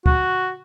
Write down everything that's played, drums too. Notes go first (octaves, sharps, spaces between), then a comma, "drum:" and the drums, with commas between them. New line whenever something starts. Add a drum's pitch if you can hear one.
F#4, drum: kick